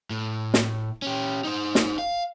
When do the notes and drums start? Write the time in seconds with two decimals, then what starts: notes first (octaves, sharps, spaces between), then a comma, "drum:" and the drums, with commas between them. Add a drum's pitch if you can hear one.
0.10 A2
0.54 drum: snare
1.02 C#4 G4
1.44 D#4 C5
1.75 drum: snare
1.99 F5